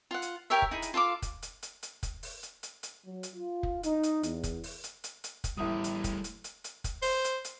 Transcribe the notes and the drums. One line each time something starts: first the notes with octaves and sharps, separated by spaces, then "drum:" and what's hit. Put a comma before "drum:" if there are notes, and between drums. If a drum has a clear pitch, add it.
F4 F#5
drum: hi-hat
G4 A#4 C#5 E5
drum: kick
D#4 E4 G#4
drum: hi-hat
F4 A4 F5 D6
drum: kick, hi-hat
drum: hi-hat
drum: hi-hat
drum: hi-hat
drum: kick, hi-hat
drum: open hi-hat
drum: hi-hat
drum: hi-hat
drum: hi-hat
F#3
drum: hi-hat
F4
drum: kick
D#4, drum: hi-hat
drum: hi-hat
E2, drum: hi-hat
drum: kick, hi-hat
drum: open hi-hat
drum: hi-hat
drum: hi-hat
drum: hi-hat
drum: kick, hi-hat
A1 G3 A3 E5 D#6
drum: hi-hat
drum: kick, hi-hat
drum: hi-hat
drum: hi-hat
drum: hi-hat
drum: kick, hi-hat
C5, drum: open hi-hat
drum: hi-hat
drum: hi-hat